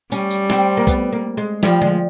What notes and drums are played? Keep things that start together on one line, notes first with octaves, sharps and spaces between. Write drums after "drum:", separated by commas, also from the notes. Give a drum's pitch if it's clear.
G3 C#4, drum: tambourine
drum: tambourine
C4, drum: snare
A#3
B3, drum: kick B1, tambourine
A#3
G#3
F3 G3, drum: snare
G#3, drum: tom D3